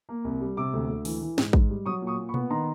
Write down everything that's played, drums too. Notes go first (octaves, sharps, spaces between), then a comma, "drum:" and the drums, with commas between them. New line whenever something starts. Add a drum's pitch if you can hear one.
A#3
C2
G3
C3 D6 E6
D2
D2
E3, drum: open hi-hat
E3
G#2, drum: snare
G#2, drum: kick
G3
F#3 C#6 D#6
A#2
C#6 D#6
A#2
B5 C#6
B3, drum: tom B2
D#3 A#5 C6